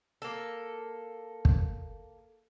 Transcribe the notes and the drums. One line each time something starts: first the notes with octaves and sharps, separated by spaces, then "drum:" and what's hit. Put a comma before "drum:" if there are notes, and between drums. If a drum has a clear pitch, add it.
A#3 A4
drum: kick